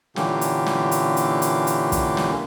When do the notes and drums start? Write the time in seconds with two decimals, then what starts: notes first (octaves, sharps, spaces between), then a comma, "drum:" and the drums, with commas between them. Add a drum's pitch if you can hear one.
0.16 A#2 D3 E3 A#3 C#4 G4, drum: snare
0.41 drum: hi-hat
0.66 drum: snare
0.92 drum: hi-hat
1.17 drum: hi-hat
1.42 drum: hi-hat
1.67 drum: hi-hat
1.92 drum: kick, hi-hat
2.17 drum: snare